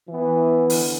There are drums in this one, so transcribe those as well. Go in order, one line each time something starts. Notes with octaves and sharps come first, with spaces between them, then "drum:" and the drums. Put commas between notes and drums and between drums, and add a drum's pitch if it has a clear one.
E3 B3
D3, drum: open hi-hat